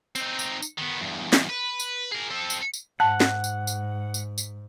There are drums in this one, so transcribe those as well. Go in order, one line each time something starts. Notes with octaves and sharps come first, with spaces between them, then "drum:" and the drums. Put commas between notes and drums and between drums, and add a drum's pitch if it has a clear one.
C4 D#4, drum: tambourine
drum: tambourine
drum: tambourine
D#3 B3
E2 G2
drum: snare
B4
drum: tambourine
G#4 A#4
C4 A4
drum: tambourine
drum: tambourine
G#2 F#5 A5
drum: snare
drum: tambourine
drum: tambourine
drum: tambourine
drum: tambourine